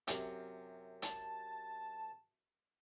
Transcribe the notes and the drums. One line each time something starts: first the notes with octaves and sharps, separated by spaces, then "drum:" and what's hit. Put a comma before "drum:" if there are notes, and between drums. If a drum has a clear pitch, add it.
F#2 C3, drum: hi-hat
A5, drum: hi-hat